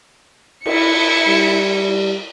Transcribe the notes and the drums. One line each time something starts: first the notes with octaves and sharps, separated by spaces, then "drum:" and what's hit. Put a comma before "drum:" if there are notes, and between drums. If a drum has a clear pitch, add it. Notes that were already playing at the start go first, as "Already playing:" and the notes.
E4 C#7, drum: cymbal
G3